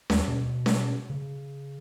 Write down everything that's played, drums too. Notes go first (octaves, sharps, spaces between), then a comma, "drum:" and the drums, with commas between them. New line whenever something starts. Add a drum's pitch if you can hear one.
D#2, drum: snare C#4
B2
drum: snare C#4
C#3